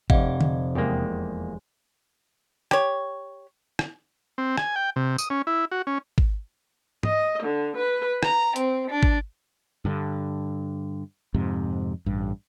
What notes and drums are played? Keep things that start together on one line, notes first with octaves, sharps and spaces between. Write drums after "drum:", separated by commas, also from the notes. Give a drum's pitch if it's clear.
F1 C3 D5 D#5 F5 F#5 G#6, drum: kick
drum: tom D3
E2 G#3 A#3 G4
G4 C#5, drum: rim click
drum: rim click
C4
G#5, drum: rim click
G5
C3
D#6, drum: tambourine
C#4
E4
F#4
C#4
drum: kick
D#5, drum: tom G#2
D3
B4
A#5, drum: rim click
C4, drum: hi-hat
D4
drum: kick
G2 D3
F2 G#2 C3
A1 G2